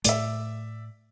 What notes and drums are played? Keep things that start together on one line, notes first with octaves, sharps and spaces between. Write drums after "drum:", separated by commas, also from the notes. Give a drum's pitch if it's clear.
A2 A3 D5 E5, drum: hi-hat